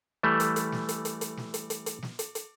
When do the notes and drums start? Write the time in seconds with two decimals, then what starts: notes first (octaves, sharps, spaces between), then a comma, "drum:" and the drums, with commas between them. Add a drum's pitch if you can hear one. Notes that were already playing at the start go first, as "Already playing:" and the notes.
0.23 E3 G3 A3
0.40 drum: hi-hat
0.56 drum: hi-hat
0.72 drum: snare
0.89 drum: hi-hat
1.05 drum: hi-hat
1.21 drum: hi-hat
1.37 drum: snare
1.54 drum: hi-hat
1.70 drum: hi-hat
1.86 drum: hi-hat
2.03 drum: snare
2.19 drum: hi-hat
2.35 drum: hi-hat